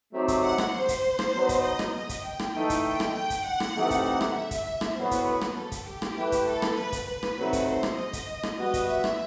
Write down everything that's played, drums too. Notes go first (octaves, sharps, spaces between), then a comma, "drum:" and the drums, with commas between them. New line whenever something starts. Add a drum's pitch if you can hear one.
F#3 A3 C4 D#4 G4
drum: kick, hi-hat
F#5
drum: rim click
C5
drum: kick, hi-hat
drum: rim click
F#3 B3 D#4
drum: kick, hi-hat
D#5
drum: rim click
D#5
drum: kick, hi-hat
G5
drum: rim click
E3 A3 D#4 A4
drum: kick, hi-hat
G5
drum: rim click
G5
drum: kick, hi-hat
F#5
drum: rim click
C3 E3 A3 D#4 G4
drum: kick, hi-hat
F#5
drum: rim click
E5
drum: kick, hi-hat
drum: rim click
A2 F#3 B3 F#4 C5
drum: kick, hi-hat
B4
drum: rim click
A4
drum: kick, hi-hat
G4
drum: rim click
A3 E4 B4
drum: kick, hi-hat
A4
drum: rim click
B4
drum: kick, hi-hat
B4
drum: rim click
C3 F#3 A3 D#4
drum: kick, hi-hat
C5
drum: rim click
D#5
drum: kick, hi-hat
drum: rim click
G3 B3 F#4 D#5
drum: kick, hi-hat
E5
drum: rim click